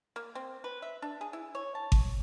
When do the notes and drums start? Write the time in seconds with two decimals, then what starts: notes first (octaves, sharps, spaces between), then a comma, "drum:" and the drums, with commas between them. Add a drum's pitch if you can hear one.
0.16 A#3
0.35 C4
0.64 B4
0.82 E5
1.02 D4
1.21 G#4
1.33 E4
1.55 C#5
1.75 A5
1.92 drum: kick G#1